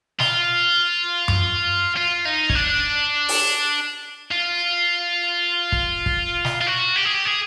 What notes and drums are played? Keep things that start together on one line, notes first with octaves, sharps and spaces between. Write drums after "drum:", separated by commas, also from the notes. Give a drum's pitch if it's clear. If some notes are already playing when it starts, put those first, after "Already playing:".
F4, drum: snare
drum: tom F#2
F4
D#4
C#4, drum: kick
D4
drum: open hi-hat
F4
drum: kick
drum: kick
drum: snare
F4
F#4
G4
G#4
G4
G#4